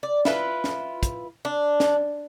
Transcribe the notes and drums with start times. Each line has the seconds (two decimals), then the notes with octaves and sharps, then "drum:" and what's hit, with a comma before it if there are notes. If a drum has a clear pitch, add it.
0.03 D5
0.25 E4 F4 B4, drum: snare
0.64 drum: snare
1.03 drum: kick, hi-hat
1.45 D4
1.80 drum: snare